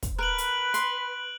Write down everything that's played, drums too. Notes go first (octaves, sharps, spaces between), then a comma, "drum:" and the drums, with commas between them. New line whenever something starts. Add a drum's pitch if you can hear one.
drum: kick, hi-hat
A#4 B4 F#6 D7 F#7
drum: hi-hat
C6, drum: hi-hat